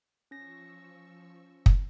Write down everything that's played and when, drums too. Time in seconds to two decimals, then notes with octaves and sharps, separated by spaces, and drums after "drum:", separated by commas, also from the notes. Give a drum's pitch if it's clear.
0.31 F3 C#4 C#6 E6 A#6
1.66 drum: kick